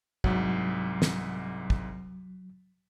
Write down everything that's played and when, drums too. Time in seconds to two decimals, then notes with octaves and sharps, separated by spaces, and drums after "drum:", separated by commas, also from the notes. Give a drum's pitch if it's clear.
0.24 C2 G#2 F#3, drum: kick
1.02 drum: snare
1.70 drum: kick